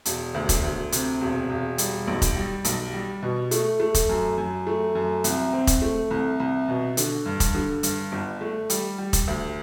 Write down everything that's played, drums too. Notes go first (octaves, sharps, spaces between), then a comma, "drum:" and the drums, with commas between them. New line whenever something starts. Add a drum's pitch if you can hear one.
E1, drum: hi-hat
D2
drum: kick E1, hi-hat
D2
C3, drum: hi-hat
E1
E1
G3, drum: hi-hat
B1
drum: kick E1, hi-hat
G3
B1, drum: hi-hat
G3
B2
A3, drum: hi-hat
A3
drum: kick E1, hi-hat
F#2
F#2
A3
F#2
C2, drum: hi-hat
C4
drum: kick E1, hi-hat
A3
C2
C2
B2
D3, drum: hi-hat
G2
drum: kick E1, hi-hat
D3
G2, drum: hi-hat
G1
A3
G3, drum: hi-hat
G3
drum: kick E1, hi-hat
D2